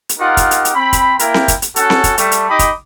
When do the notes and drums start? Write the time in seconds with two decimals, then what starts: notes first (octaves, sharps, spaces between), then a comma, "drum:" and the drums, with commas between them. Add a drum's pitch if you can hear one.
0.09 drum: hi-hat
0.19 D#4 F4 G4 A#4 F#5
0.37 drum: kick, hi-hat
0.51 drum: hi-hat
0.65 drum: hi-hat
0.75 C4 B5
0.93 drum: kick, hi-hat
1.19 A#3 E4 A#4 G5, drum: hi-hat
1.34 drum: snare C4
1.48 drum: kick, hi-hat
1.62 drum: hi-hat
1.76 C#4 F#4 A4 F#5, drum: hi-hat
1.90 drum: snare C4
2.04 drum: kick, hi-hat
2.18 G3 A3, drum: hi-hat
2.31 drum: hi-hat
2.49 D#4 G4 D#5 B5 D6
2.59 drum: kick, hi-hat